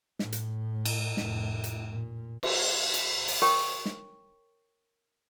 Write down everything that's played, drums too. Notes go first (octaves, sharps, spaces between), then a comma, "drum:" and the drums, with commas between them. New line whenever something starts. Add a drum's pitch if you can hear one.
A2, drum: snare
drum: hi-hat
drum: cymbal
F1 A2, drum: snare
drum: hi-hat
A#2
drum: cymbal
drum: hi-hat
drum: open hi-hat
A#4 C#5 G5 C#6
drum: snare